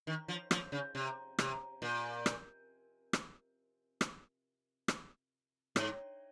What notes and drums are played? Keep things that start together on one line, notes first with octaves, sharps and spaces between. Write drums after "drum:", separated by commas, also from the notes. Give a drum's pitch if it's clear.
D#3
F3
F3, drum: rim click
C#3
C3
C3, drum: rim click
A#2
drum: rim click
drum: rim click
drum: rim click
drum: rim click
G#2, drum: rim click